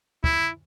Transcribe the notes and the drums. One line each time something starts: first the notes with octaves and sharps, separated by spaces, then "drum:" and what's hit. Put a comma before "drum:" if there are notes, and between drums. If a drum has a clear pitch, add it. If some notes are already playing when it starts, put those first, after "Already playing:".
E4, drum: kick